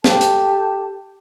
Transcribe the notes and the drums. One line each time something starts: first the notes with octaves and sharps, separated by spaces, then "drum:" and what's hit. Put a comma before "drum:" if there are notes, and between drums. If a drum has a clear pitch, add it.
G4 A4 A5, drum: snare
drum: hi-hat